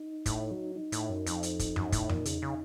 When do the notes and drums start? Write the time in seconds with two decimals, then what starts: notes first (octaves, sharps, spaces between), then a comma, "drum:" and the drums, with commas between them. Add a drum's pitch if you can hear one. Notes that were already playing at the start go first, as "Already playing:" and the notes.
Already playing: D#4
0.26 A2, drum: kick, hi-hat
0.51 F#3
0.76 D#4
0.92 A2, drum: hi-hat
1.09 F#2
1.26 F2, drum: hi-hat
1.43 drum: hi-hat
1.59 drum: kick, hi-hat
1.76 F#2, drum: tom F2
1.92 A2, drum: kick, hi-hat
2.09 A#2, drum: tom F2
2.25 C#3, drum: hi-hat
2.42 C#3